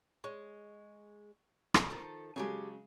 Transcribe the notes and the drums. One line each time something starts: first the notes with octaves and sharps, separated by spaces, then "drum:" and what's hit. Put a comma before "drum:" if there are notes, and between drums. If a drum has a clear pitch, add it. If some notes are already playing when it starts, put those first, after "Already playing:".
G#3 C#5
drum: rim click
D#3 F3 A4
C#3 F#3 G#3 G4 A4 G#5